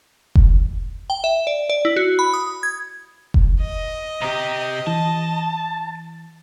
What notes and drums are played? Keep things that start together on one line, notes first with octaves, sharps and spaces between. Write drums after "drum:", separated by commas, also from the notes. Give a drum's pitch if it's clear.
drum: kick F1
G5
E5
D5
D5
E4
F#4
B5
D#6
G#6
drum: kick F1
D#5
C3 G4 A#5 D#6
E3 A5